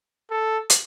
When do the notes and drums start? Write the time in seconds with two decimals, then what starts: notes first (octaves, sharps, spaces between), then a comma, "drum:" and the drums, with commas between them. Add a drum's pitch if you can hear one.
0.31 A4
0.70 drum: hi-hat